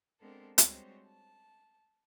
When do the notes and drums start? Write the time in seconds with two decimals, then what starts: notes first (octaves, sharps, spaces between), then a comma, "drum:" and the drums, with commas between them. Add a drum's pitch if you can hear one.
0.21 G#3 B3 C4 D4 A4 A#4
0.58 G3 G#3 C4 F#4 C5 C#5, drum: hi-hat
1.05 A5